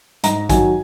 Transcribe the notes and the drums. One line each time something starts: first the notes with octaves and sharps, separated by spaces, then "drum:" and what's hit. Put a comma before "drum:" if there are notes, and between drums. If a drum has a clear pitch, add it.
G#2 A#5, drum: hi-hat
D#3 F#3 G#5, drum: kick A1, hi-hat